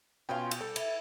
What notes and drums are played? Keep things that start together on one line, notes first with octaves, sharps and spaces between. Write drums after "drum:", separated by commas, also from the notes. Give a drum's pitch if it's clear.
B2 B3 C#4 F4 G5
drum: cymbal
G3 A4
E4, drum: cymbal